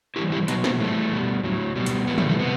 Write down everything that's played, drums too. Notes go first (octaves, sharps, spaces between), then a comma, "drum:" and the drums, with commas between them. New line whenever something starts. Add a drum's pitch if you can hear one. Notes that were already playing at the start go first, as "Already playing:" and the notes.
A2 E3 G3 E4 G4
E4 G4
B2 F#3 B3 D#4, drum: hi-hat
A3 C4, drum: snare
A2 E3 G3 A3
B2 G3
A2 F#3
B2 G3
drum: hi-hat
A2 E3 G3 B3
A3, drum: tom
A3
C3 B3